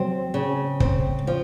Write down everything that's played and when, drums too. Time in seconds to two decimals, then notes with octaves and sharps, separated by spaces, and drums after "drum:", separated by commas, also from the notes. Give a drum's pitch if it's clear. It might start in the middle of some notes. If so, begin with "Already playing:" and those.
Already playing: F#3 C4
0.34 C#3
0.80 C4, drum: kick
1.27 F3